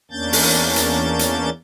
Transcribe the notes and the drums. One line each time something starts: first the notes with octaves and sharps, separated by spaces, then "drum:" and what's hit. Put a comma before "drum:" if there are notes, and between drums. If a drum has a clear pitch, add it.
E2 A#3 C#4 D4 G6 A6
drum: open hi-hat
drum: hi-hat
drum: hi-hat